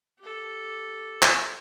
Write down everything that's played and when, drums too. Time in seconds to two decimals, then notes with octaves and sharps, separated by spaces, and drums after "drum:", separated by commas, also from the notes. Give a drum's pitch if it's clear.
0.19 G4 A4
1.22 drum: clap